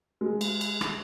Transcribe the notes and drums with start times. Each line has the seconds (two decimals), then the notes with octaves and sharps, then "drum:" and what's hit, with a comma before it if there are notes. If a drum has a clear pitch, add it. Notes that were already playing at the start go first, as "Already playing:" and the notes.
0.21 G#3
0.41 drum: cymbal
0.61 drum: cymbal
0.81 drum: rim click